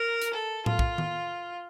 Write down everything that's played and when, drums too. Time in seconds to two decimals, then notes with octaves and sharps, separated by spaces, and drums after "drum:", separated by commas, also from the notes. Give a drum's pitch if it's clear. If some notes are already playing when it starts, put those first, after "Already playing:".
Already playing: A#4
0.22 drum: hi-hat
0.34 A4
0.66 F4, drum: tom A2
0.79 drum: kick
0.98 drum: tom D#3